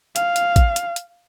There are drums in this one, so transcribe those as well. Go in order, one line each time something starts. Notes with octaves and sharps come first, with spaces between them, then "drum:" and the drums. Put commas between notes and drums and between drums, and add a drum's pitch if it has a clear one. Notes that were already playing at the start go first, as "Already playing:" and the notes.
F5, drum: hi-hat
drum: hi-hat
drum: kick, hi-hat
drum: hi-hat
drum: hi-hat